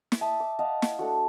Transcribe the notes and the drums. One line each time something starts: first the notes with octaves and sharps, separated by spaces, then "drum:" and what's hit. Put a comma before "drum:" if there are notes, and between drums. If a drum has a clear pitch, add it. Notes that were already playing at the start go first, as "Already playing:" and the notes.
drum: snare
E5 A5 D#6
D6
D#5 F5 F#5 A5
drum: snare
A3 D4 F#4